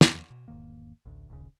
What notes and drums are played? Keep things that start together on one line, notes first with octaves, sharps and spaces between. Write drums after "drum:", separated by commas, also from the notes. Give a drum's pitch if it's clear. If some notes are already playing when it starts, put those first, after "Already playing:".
E2 F3, drum: snare
B2
E1 G#2 D#3 A#3
A1 D2
D1 A#1 D#2 C#3